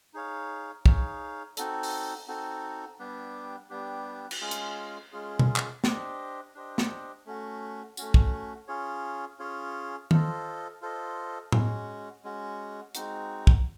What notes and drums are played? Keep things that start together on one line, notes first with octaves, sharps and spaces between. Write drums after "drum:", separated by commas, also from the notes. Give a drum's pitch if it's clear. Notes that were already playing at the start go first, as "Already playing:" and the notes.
D#4 G#4 C#5 F5
D#4 G#4 C#5 F5, drum: kick
C4 D#4 F#4 A4, drum: hi-hat
drum: open hi-hat
C4 D#4 F#4 A4
G3 B3 D4 G4
G3 B3 D4 G4
drum: cymbal
G#3 C#4 F4 G#4
drum: hi-hat
G#3 C#4 F4 G#4
drum: tom B2
drum: clap
D4 G4 C5 D#5, drum: snare
D4 G4 C5 D#5
drum: snare
A3 C#4 F#4
A3 C#4 F#4, drum: tambourine
drum: kick
C#4 F4 G#4 C#5
C#4 F4 G#4 C#5
F4 A4 C5 D#5, drum: tom D#3
F4 A4 C5 D#5
G#3 C#4 F#4, drum: tom A2
G#3 C#4 F#4
G#3 C4 D#4 F#4, drum: hi-hat
drum: kick